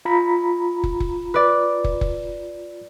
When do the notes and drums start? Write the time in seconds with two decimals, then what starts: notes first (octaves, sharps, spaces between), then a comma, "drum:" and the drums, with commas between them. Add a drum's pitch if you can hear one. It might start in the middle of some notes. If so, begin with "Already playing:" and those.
0.05 F4 A#5 B5
0.84 drum: kick
1.00 drum: kick
1.34 B4 D5
1.84 drum: kick
2.01 drum: kick